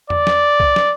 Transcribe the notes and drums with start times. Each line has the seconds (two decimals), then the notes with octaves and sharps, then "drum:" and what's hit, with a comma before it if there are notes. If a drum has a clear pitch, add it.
0.10 D5, drum: tom E2
0.27 drum: snare
0.60 drum: kick
0.76 drum: snare